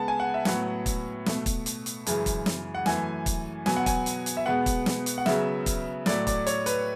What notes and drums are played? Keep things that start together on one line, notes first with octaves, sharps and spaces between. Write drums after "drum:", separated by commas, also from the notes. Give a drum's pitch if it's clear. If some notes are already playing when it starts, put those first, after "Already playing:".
Already playing: C#3 G#3 B3 F#5 A5
G#5
F#5
E5
A2 F#3 B3 F#5, drum: snare
drum: kick, hi-hat
B2 A3, drum: snare
drum: kick, hi-hat
drum: hi-hat
drum: hi-hat
F#2 C#3 E3 G#3, drum: hi-hat
drum: kick, hi-hat
drum: snare
F#5
F#2 E3 A3 G#5, drum: snare
drum: kick, hi-hat
B2 F#3 B3 G#5, drum: snare
F#5
G#5, drum: kick, hi-hat
drum: hi-hat
drum: hi-hat
E5
B2 G#3 B3 F#5
drum: kick, hi-hat
drum: snare
drum: hi-hat
F#5
C#3 F#3 B3 E5, drum: snare
drum: kick, hi-hat
A2 F#3 A3 D5, drum: snare
D5, drum: kick, hi-hat
C#5, drum: hi-hat
B4, drum: hi-hat